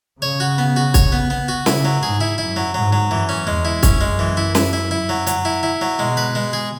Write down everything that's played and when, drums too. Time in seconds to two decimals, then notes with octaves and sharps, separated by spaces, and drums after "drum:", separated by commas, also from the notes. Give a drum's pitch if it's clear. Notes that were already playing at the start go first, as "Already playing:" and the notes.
0.22 C#3 C#5
0.40 F#4
0.58 B3
0.76 F#4
0.94 C#5, drum: kick, hi-hat
1.12 B3
1.30 B3
1.48 F#4
1.66 C#3 E4, drum: snare
1.85 F#3
2.03 G#2 G#4
2.21 E4
2.38 F#2 E4
2.56 F#3
2.74 G#2 F#3
2.93 F#3
3.10 F#2 E3
3.29 C#4
3.47 E2 G#3
3.65 E4
3.83 F#2 C#4, drum: kick, hi-hat
4.01 G#3
4.19 E3
4.37 E4
4.55 E4, drum: snare
4.73 E4
4.91 E4
5.09 F#3
5.27 F#3, drum: hi-hat
5.45 E4
5.63 E4
5.81 F#3
5.99 B2 G#3
6.17 B4
6.35 G#3
6.53 G#4